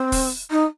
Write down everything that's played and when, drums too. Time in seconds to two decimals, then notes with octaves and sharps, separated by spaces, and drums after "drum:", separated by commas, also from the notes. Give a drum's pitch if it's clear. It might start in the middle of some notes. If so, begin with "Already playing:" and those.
Already playing: C4
0.12 drum: kick, open hi-hat
0.50 D#4